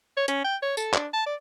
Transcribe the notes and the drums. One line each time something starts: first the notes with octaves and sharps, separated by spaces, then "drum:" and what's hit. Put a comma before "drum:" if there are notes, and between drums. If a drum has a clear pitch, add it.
C#5
C#4, drum: hi-hat
G5
C#5
A4, drum: tambourine
D4, drum: clap
A5
D5